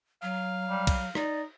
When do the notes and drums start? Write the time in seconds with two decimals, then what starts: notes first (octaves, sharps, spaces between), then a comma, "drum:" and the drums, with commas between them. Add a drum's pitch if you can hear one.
0.22 F#3 F5
0.67 G3
0.87 drum: kick B1, cymbal
1.15 D#4 D5, drum: rim click